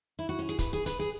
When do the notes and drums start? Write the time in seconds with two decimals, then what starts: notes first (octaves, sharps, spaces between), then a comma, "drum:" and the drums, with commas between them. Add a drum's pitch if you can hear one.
0.19 E4
0.29 F#4
0.39 C#4
0.49 G#4
0.59 B4, drum: kick, hi-hat
0.73 G#4
0.86 B4, drum: hi-hat
0.99 G#4